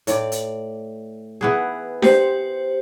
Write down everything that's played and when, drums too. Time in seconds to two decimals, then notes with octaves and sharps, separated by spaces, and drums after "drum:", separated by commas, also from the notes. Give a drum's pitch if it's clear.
0.07 A2 D5, drum: hi-hat
0.32 drum: hi-hat
1.41 E3 B3 G#4
2.02 G4 C5, drum: snare D4